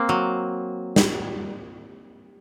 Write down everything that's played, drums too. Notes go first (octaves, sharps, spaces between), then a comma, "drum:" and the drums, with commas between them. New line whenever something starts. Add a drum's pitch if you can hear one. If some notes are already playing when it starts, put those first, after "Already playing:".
Already playing: A#3 C4
F#3
drum: snare